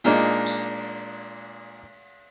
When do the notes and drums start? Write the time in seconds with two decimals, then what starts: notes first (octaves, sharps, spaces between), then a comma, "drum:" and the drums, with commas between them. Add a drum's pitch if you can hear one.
0.04 A#2 G#3 A#3 D4 D#4, drum: cymbal
0.46 drum: tambourine